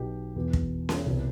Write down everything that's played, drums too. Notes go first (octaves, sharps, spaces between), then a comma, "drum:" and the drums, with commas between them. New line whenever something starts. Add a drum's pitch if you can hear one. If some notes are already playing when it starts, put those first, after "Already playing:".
Already playing: B1 B2 G4
E2 B2
drum: kick
drum: snare C#4
C2 B2